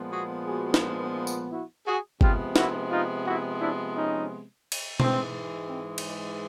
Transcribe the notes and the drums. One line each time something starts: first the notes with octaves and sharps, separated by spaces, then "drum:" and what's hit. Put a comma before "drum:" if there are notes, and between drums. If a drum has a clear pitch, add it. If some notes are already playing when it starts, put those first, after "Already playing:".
Already playing: A#2 F3 G#3 B3
F#4 G#4
F#4 G#4
drum: snare
drum: tambourine
E4 F#4
F#4 G#4
C3 F3 G#3 B3 F4 G4, drum: kick G1
E4 F#4, drum: snare
D#4 F4
E4 F#4
D4 E4
C#4 D#4
drum: cymbal
G#2 E3 G#3 C4, drum: tom B2
C4
drum: cymbal